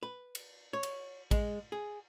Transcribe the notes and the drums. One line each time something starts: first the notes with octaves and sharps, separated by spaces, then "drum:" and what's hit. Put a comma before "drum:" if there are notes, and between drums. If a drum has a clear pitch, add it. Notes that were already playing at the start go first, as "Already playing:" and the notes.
B4
drum: cymbal
C#5
drum: cymbal
G#3, drum: kick, cymbal
G#4